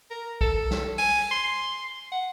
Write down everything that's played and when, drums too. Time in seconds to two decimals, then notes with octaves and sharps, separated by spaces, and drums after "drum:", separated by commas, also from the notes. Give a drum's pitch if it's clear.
0.10 A#4
0.41 A4, drum: kick B1
0.71 drum: snare
0.98 G#5, drum: open hi-hat
1.31 C6
2.12 F#5